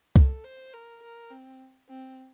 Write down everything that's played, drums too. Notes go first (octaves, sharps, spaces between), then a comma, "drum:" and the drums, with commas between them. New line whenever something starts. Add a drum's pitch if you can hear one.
A4, drum: kick C2
C5
A#4
A#4
C4
C4